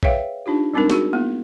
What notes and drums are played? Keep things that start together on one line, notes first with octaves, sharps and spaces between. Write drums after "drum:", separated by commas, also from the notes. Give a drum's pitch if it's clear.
G#4 B4 C#5 E5 F5 G5, drum: kick A#1
D4 D#4 F4 G4
G3 G#3 C4 D4 D#4 A#4
C4 F#4 G#4, drum: snare
A#3 B3 E4